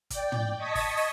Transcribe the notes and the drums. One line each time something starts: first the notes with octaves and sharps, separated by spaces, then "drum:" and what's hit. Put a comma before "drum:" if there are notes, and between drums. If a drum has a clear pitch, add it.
D5 G5, drum: kick, hi-hat
drum: tom
D#5 A5 C#6 D#6 G#6 B6
drum: kick, open hi-hat
drum: open hi-hat